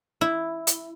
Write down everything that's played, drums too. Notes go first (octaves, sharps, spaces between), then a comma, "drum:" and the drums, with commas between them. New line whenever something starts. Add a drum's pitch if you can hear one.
E4
drum: hi-hat